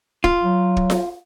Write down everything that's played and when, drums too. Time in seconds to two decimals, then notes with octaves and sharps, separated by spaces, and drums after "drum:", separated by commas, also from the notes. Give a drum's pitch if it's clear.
0.24 F4, drum: kick
0.43 F#3
0.77 drum: kick
0.90 drum: snare F4